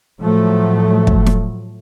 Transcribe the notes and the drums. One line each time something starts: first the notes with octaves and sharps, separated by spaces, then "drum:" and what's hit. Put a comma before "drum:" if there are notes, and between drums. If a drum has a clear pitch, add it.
A2 F3 F#3 A3
drum: kick
drum: snare